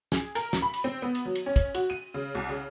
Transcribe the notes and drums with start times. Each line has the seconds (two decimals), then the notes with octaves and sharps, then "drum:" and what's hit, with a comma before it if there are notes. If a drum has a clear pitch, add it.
0.12 G#4, drum: snare
0.35 A#4, drum: cymbal
0.53 drum: snare
0.62 B5
0.74 drum: cymbal
0.84 C4
1.02 B3
1.15 drum: cymbal
1.25 F#3
1.35 drum: cymbal
1.46 C#4
1.56 drum: kick, cymbal
1.75 F#4, drum: cymbal
1.90 D#7
2.14 C#3
2.35 C2
2.49 C#3